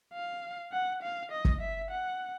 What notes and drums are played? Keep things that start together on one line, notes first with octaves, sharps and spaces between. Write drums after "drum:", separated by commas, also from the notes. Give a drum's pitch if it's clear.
F5
F#5
F5
D#5
drum: kick
E5
F#5